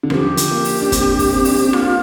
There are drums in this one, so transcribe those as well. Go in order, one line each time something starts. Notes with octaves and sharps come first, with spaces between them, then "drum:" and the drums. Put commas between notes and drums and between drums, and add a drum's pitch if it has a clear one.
D3
F3 G4 A#4, drum: rim click
drum: hi-hat
A#3
drum: open hi-hat
D4
C4, drum: kick, hi-hat
drum: kick, open hi-hat
C4
D4, drum: open hi-hat
C4
A#3 F4, drum: rim click